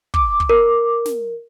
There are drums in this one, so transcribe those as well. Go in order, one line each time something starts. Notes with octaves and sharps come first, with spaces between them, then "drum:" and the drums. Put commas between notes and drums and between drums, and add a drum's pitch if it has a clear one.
D6, drum: kick
drum: kick
A#4
drum: snare